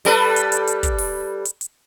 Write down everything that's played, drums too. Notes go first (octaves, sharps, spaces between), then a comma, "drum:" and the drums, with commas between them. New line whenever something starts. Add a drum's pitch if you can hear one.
G3 A4 B4, drum: open hi-hat
drum: hi-hat
drum: hi-hat
drum: hi-hat
drum: kick, hi-hat
drum: open hi-hat
drum: hi-hat
drum: hi-hat